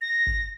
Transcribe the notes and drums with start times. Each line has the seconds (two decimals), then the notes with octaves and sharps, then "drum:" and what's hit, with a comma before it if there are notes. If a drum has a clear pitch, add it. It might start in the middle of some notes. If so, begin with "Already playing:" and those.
0.01 A#6
0.27 drum: kick G1